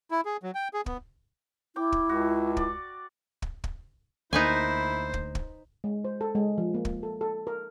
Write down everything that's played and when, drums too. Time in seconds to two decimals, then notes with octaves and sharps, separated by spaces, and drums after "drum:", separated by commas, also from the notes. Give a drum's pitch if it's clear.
0.11 E4
0.25 G#4
0.43 F#3
0.55 G5
0.74 G#4
0.86 B3, drum: kick
1.76 E4 G5 D6
1.92 drum: kick
2.09 C#2 F#4
2.57 D5, drum: kick
3.42 drum: kick
3.64 drum: kick
4.33 D2 A#3 D#4 E4 B4 C5 G#5
5.14 drum: kick
5.35 drum: kick
5.84 G#3
6.05 C5
6.21 A4
6.35 G#3
6.58 F3
6.74 A#3
6.85 drum: kick
7.03 A4
7.21 A4
7.47 A#4